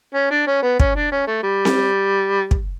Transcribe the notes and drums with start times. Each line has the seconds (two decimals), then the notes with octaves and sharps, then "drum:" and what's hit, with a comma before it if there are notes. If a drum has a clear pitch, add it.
0.14 C#4
0.30 D4
0.47 C#4
0.62 B3
0.80 C#4, drum: kick
0.96 D4
1.11 C#4
1.27 A3
1.43 G3
1.65 drum: snare C4
2.51 drum: kick